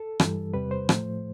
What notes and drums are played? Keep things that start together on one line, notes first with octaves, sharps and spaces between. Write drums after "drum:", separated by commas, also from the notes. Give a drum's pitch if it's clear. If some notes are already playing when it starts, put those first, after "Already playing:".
Already playing: A4
G2 E3 G3, drum: rim click
E2 C3 G3 B4
C5
A2 F3 A3, drum: rim click